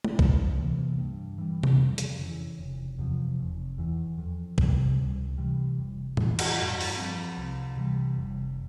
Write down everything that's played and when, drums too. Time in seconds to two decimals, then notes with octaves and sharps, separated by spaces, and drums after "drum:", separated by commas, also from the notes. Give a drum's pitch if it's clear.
0.04 drum: tom
0.19 C#2, drum: kick
0.59 C3 E3 A#3
0.99 G2
1.38 E3 G3
1.63 drum: tom C3
1.79 F2
1.98 drum: hi-hat
2.19 C#3 E3
2.59 F1
2.98 E2 C3 F3
3.39 F1
3.78 E2 E3
4.18 F2
4.58 C3 G3, drum: kick
4.98 C#2
5.38 C3 E3 G3
5.77 F1
6.17 F2 E3 G3, drum: tom A2
6.39 drum: cymbal
6.57 G2
6.81 drum: open hi-hat
6.97 F3 C4
7.37 C2
7.77 C3 E3 G3
8.17 F1